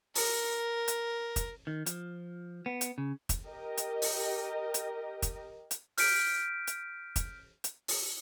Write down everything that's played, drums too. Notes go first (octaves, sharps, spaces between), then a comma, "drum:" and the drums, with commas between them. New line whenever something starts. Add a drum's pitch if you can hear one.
A#4, drum: open hi-hat
drum: hi-hat
drum: kick, hi-hat
D#3
F3, drum: hi-hat
B3
drum: hi-hat
C#3
drum: kick, hi-hat
G4 A#4 D#5
drum: hi-hat
drum: open hi-hat
drum: hi-hat
drum: kick, hi-hat
drum: hi-hat
F6 G6 B6 D7, drum: open hi-hat
drum: hi-hat
drum: kick, hi-hat
drum: hi-hat
drum: open hi-hat